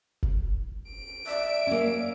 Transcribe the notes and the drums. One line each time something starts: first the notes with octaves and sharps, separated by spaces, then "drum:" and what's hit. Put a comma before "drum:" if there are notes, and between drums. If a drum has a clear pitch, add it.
drum: kick F1
D7
D5 E5
A#3 C#4